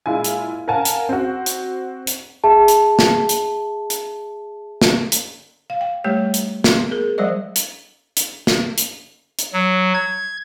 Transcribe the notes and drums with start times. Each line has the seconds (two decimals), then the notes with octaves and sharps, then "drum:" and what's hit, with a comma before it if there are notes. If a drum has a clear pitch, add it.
0.06 A#2 G#3 E4 F4 G#5
0.24 drum: hi-hat
0.68 A#4 F5 F#5 G#5 A5
0.85 drum: hi-hat
1.09 C4 F#4
1.46 drum: hi-hat
2.07 drum: hi-hat
2.44 G#4 E5 A5
2.68 drum: hi-hat
2.99 drum: snare
3.29 drum: hi-hat
3.90 drum: hi-hat
4.82 drum: snare
5.12 drum: hi-hat
5.70 F5
5.81 G5
6.04 G3 A3 G4 C#5
6.34 drum: hi-hat
6.64 B3 C6, drum: snare
6.91 G#4 A#4
7.18 F3 G3 G#3 C5 D5 D#5
7.56 drum: hi-hat
8.17 drum: hi-hat
8.47 drum: snare
8.78 drum: hi-hat
9.39 drum: hi-hat
9.53 F#3
9.94 G#6